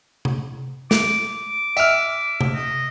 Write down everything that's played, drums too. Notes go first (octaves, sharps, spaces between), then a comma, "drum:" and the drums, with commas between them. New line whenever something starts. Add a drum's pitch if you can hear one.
drum: tom C3
D6, drum: snare
E5 F6, drum: tambourine
drum: tom C3
D#5